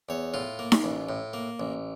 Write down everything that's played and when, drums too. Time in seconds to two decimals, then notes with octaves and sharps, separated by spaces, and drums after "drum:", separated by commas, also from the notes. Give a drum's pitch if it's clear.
0.09 E2 C#5
0.34 A2 F4
0.59 A#3
0.72 drum: snare D#4
0.84 A1
1.09 A2
1.33 A#3
1.60 A1